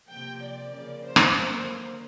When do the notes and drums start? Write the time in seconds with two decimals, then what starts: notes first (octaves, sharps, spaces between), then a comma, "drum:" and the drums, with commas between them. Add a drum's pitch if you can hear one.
0.11 C3 F3 A#3 G5
0.41 D5
0.72 C#3 F3 A#3
1.02 C5
1.16 drum: rim click
1.33 D3 F#3 A#3